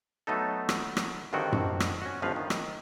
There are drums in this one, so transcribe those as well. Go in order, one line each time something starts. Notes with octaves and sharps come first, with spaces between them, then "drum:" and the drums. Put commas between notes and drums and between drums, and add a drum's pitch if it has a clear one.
F#3 A3 B3 D#4 A4
drum: rim click
drum: rim click
G2 D3 D#3 C4 F#4 G5
drum: tom F#2
drum: rim click
C#4 F#4
G1 C#2 F3 B4 F5
D#3
drum: rim click